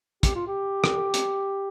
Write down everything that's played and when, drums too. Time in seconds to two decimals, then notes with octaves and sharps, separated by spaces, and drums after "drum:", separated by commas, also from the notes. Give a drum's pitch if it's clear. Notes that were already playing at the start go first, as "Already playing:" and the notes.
0.23 G4, drum: kick, hi-hat
0.35 F4
0.47 G4
0.84 drum: rim click
1.14 drum: hi-hat